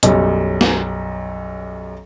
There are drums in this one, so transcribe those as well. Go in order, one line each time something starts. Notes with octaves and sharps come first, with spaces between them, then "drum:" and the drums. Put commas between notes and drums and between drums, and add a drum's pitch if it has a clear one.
B1 F#2 G3, drum: hi-hat
drum: snare